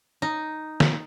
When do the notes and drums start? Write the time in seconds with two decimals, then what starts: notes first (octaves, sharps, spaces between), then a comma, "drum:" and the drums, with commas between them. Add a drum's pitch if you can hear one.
0.22 D#4
0.80 drum: snare